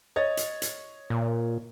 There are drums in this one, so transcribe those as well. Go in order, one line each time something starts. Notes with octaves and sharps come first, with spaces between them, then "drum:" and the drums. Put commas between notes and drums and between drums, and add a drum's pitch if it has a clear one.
C#5 D#5 A6
drum: hi-hat
drum: hi-hat
A#2